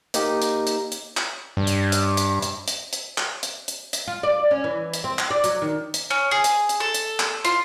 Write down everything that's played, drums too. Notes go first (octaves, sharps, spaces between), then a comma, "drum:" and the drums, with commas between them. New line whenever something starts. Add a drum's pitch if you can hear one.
A#3 D#4 G4, drum: hi-hat
drum: hi-hat
drum: hi-hat
drum: hi-hat
drum: clap
G2
drum: hi-hat
drum: hi-hat
drum: hi-hat
drum: hi-hat
drum: hi-hat
drum: hi-hat
drum: clap
drum: hi-hat
drum: hi-hat
drum: hi-hat
F4
D5
C#4
E3
drum: hi-hat
C4
drum: clap
D5
F#3, drum: hi-hat
D#3
drum: hi-hat
C#4
G#4
drum: hi-hat
drum: hi-hat
A4
drum: hi-hat
drum: clap
F4, drum: hi-hat